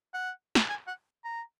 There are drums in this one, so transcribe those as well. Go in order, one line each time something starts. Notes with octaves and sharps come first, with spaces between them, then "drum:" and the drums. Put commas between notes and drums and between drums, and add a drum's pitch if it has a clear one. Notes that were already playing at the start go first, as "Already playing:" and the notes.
F#5
drum: snare
G#5
F#5
A#5